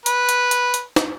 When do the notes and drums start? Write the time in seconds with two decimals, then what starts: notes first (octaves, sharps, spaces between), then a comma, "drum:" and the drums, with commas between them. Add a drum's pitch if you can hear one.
0.06 B4, drum: hi-hat
0.29 drum: hi-hat
0.51 drum: hi-hat
0.74 drum: hi-hat
0.96 drum: snare